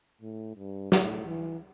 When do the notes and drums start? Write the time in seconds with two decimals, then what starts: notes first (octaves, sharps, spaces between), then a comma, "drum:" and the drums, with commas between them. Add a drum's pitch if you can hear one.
0.22 A2
0.56 G2
0.92 A2, drum: snare
1.26 E3